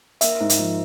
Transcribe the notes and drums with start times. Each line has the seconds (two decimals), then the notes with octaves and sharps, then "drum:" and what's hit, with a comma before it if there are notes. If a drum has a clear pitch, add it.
0.21 A#3 E5, drum: hi-hat
0.40 G#2
0.50 drum: hi-hat
0.59 F3